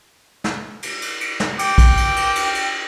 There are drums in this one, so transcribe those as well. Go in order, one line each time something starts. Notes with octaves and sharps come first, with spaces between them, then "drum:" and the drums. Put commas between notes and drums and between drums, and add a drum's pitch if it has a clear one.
drum: snare
drum: cymbal
drum: cymbal
drum: cymbal
drum: snare
G5 D6, drum: cymbal
drum: kick A#1, cymbal
drum: cymbal
drum: cymbal
drum: cymbal
drum: cymbal